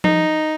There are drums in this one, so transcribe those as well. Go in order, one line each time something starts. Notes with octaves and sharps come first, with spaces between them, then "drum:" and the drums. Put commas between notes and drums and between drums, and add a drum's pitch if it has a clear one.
D#4, drum: tom F3